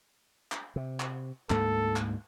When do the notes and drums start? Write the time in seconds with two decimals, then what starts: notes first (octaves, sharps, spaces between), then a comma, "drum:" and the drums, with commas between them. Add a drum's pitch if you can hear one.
0.52 drum: clap
0.76 C3
1.00 drum: clap
1.50 D2 G#2 A#3 A4, drum: clap
1.96 drum: clap